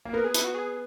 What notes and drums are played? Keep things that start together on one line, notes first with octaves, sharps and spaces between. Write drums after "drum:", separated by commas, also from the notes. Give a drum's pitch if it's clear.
A#3
B3 A#4
G#4
E4, drum: hi-hat
F#4
G#4